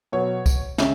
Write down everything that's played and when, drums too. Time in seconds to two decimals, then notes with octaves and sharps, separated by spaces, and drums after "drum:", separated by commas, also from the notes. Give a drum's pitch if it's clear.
0.12 B2 F#3 B3 C#5
0.46 drum: kick, tambourine
0.78 C#3 G#3 C#4 E5, drum: snare